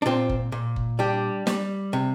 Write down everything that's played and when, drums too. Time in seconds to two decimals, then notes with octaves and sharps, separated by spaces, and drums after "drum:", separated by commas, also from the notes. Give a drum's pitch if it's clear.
0.02 D4
0.06 A#2 C4 F4
0.29 drum: kick F#1
0.52 A#2
0.76 drum: kick F#1
0.99 G3 D4 G4
1.47 G3, drum: snare
1.93 C3